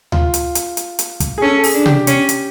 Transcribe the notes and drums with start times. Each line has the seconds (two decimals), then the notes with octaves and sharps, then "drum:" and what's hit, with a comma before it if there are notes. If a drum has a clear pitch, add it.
0.12 F4, drum: tom D2
0.34 drum: hi-hat
0.55 drum: hi-hat
0.77 drum: hi-hat
0.99 drum: hi-hat
1.20 drum: kick, hi-hat
1.38 G#4
1.42 C#4 A4
1.58 A4
1.64 G#4, drum: open hi-hat
1.74 D4
1.86 G4, drum: tom C3
2.07 C#4, drum: hi-hat
2.29 drum: hi-hat